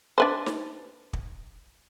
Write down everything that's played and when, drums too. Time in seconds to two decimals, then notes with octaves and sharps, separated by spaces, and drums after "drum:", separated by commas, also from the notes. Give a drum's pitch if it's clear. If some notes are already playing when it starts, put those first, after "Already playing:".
0.18 D4 B4 C5
0.46 drum: snare
1.13 drum: kick